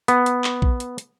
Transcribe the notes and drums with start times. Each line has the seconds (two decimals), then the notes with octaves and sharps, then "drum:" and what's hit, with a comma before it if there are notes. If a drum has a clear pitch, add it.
0.08 B3, drum: hi-hat
0.26 drum: hi-hat
0.44 drum: clap
0.62 drum: kick A#1
0.80 drum: hi-hat
0.98 drum: hi-hat